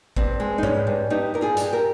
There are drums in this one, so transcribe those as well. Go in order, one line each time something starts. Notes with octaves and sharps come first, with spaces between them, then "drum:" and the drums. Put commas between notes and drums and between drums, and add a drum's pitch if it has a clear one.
G2 C4, drum: kick G#1
G#3
D#4
G2 C#4, drum: tom G#2
G2
G2 D#4 G4
G2 A#4
F4 G#4
G2 G#4, drum: hi-hat
G4 A#4